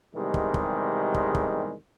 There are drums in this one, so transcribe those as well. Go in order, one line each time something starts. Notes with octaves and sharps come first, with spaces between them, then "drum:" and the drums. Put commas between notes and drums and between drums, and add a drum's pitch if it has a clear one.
E2 C3 D#3 G3 G#3
drum: kick
drum: kick
drum: kick
drum: kick